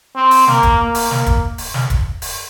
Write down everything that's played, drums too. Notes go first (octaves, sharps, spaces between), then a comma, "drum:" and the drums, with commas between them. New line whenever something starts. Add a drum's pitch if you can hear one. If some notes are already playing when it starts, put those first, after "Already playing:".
C4
drum: open hi-hat
A#3, drum: snare
drum: kick D#1, hi-hat
A#3
drum: open hi-hat
A#3, drum: snare
drum: kick D#1, hi-hat
drum: open hi-hat
drum: snare
drum: kick D#1, hi-hat
drum: open hi-hat